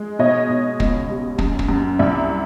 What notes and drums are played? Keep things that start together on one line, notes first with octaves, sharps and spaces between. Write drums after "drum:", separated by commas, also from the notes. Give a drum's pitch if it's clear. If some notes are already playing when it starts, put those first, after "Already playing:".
Already playing: G#3
B2 C#5 D#5
B2
C#2, drum: kick
G3
F#2, drum: kick
drum: kick
F#2
C2 D5 E5